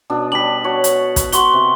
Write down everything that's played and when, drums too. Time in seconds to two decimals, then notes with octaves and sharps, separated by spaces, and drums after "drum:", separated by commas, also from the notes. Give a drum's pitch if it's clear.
0.10 B2 D4
0.32 G3 D4 B6 F#7
0.64 F#4 C#5
0.84 drum: hi-hat
0.95 A5
1.16 drum: kick, hi-hat
1.32 F#4 C6 C#6 G7, drum: hi-hat
1.53 C3